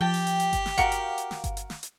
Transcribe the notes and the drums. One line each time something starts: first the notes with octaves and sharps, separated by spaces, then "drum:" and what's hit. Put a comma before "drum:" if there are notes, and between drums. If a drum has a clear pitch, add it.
F3 G4 G5 A5
drum: open hi-hat
drum: hi-hat
drum: hi-hat
drum: kick G1, hi-hat
drum: snare
F#4 A#4 F5 F#5 C#7, drum: kick G1, hi-hat
drum: hi-hat
drum: hi-hat
drum: snare
drum: kick G1, hi-hat
drum: hi-hat
drum: snare
drum: hi-hat